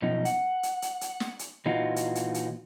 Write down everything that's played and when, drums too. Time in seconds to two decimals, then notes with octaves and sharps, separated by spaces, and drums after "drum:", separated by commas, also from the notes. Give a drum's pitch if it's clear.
0.02 F#2 B2 F3 D#4
0.25 F#5, drum: hi-hat
0.63 drum: hi-hat
0.82 drum: hi-hat
1.01 drum: hi-hat
1.20 drum: snare
1.39 drum: hi-hat
1.66 A#2 E3 D#4 F4 F#4
1.96 drum: hi-hat
2.15 drum: hi-hat
2.34 drum: hi-hat